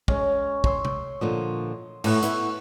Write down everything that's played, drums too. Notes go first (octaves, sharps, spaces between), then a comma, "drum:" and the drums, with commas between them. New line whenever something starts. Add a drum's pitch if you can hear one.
G#3 C#4, drum: kick
C#5 C6 E6, drum: kick
drum: tom C3
A#2 D3 F3 D#5
A2 A3 B4 E5 F#5, drum: cymbal
B3 E4 E5 C#6, drum: hi-hat